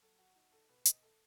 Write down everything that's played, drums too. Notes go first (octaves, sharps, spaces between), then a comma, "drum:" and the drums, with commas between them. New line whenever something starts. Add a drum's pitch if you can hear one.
F#3 A4
F#4
D#4 F#4
A4
B2 B4
D#5, drum: hi-hat
A3 A4